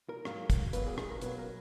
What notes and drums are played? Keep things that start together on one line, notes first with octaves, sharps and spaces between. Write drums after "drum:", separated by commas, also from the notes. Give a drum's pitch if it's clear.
A#4
G#2 F#3 A#3, drum: rim click
drum: kick, hi-hat
B2 F#3 A#3 B4, drum: hi-hat
G#4
G#4, drum: rim click
A#4
B2 F#3 A#3 B4, drum: hi-hat
A#4